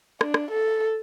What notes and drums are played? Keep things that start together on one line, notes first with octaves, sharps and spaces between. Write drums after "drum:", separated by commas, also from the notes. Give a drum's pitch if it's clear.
D4, drum: rim click
drum: rim click
A4